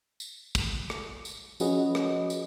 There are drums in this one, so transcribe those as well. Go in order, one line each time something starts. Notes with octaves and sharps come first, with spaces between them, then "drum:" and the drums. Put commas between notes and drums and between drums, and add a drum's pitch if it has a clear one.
drum: tambourine
drum: kick, tambourine
drum: rim click
drum: tambourine
F3 C#4 F#4 G#4 B4 D#5, drum: tambourine
drum: rim click
drum: tambourine